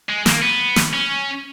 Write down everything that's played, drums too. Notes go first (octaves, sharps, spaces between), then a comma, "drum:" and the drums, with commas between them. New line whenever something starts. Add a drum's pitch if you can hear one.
G#3
A#3, drum: snare
B3
drum: snare
C#4